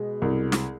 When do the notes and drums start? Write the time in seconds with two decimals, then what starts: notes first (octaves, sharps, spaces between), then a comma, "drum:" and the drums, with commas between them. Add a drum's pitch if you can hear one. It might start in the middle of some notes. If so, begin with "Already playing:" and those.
Already playing: B2 G#3
0.22 C2
0.52 drum: snare